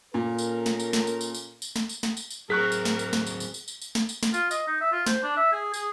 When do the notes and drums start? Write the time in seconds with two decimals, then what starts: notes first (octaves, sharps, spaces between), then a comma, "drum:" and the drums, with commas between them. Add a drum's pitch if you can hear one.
0.14 A#2 C#4 A4 A#4
0.38 drum: tambourine
0.66 drum: snare
0.80 drum: tambourine
0.93 drum: snare
1.07 drum: tambourine
1.21 drum: tambourine
1.34 drum: tambourine
1.62 drum: tambourine
1.76 drum: snare
1.89 drum: tambourine
2.03 drum: snare
2.17 drum: tambourine
2.31 drum: tambourine
2.50 F#3 C4 G#4 A#4 C#6 F#6 B6
2.72 drum: tambourine
2.85 drum: snare
2.99 drum: tambourine
3.13 drum: snare
3.27 drum: tambourine
3.40 drum: tambourine
3.54 drum: tambourine
3.68 drum: tambourine
3.81 drum: tambourine
3.95 drum: snare
4.09 drum: tambourine
4.23 drum: snare
4.34 F4, drum: tambourine
4.51 D#5, drum: tambourine
4.68 D#4
4.81 E5
4.92 F4
5.06 C5, drum: snare
5.23 D4
5.37 E5
5.53 G#4
5.74 G#4, drum: tambourine